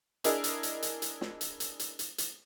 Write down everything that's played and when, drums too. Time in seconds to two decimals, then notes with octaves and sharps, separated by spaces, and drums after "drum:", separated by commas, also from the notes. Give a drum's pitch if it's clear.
0.24 D4 E4 G#4 A#4 D#5, drum: hi-hat
0.44 drum: hi-hat
0.63 drum: hi-hat
0.82 drum: hi-hat
1.02 drum: hi-hat
1.21 drum: snare
1.41 drum: hi-hat
1.60 drum: hi-hat
1.79 drum: hi-hat
1.99 drum: hi-hat
2.18 drum: hi-hat